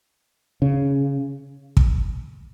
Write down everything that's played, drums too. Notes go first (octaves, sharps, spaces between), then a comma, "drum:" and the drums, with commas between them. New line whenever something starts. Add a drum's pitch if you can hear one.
C#3
drum: kick